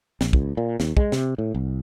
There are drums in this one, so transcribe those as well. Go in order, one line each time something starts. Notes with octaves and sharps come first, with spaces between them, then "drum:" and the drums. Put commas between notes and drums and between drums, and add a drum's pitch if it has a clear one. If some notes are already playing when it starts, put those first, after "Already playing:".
A#1, drum: snare
C#2, drum: kick
A#2
D#2, drum: snare
G#3, drum: kick
C3, drum: snare
A2
C2